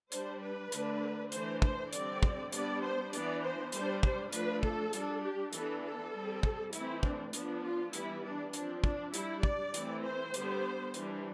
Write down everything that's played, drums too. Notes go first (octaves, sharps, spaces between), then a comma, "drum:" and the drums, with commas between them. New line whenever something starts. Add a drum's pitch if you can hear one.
G3 D4 C5, drum: hi-hat
B4
D3 A3 D4, drum: hi-hat
E3 A3 D4 C5, drum: hi-hat
C5, drum: kick
D3 G3 C4 D5, drum: hi-hat
drum: kick
G3 B3 D4 D5, drum: hi-hat
C5
E3 B3 D4 D5, drum: hi-hat
C5
G3 D4 C5, drum: hi-hat
C5, drum: kick
F3 A3 D4 B4, drum: hi-hat
A4, drum: kick
G3 D4, drum: hi-hat
G4
E3 B3 D4 A4, drum: hi-hat
A4
G3 C4
drum: kick
E3 A3 C4 E4, drum: hi-hat
D4, drum: kick
F3 B3 D4, drum: hi-hat
F4
E3 G3 B3 E4, drum: hi-hat
D4
F3 C4 D4, drum: hi-hat
D4, drum: kick
G3 D4 E4, drum: hi-hat
D5, drum: kick
E3 A3 C4, drum: hi-hat
C5
D3 G3 B3, drum: hi-hat
E3 G3 D4, drum: hi-hat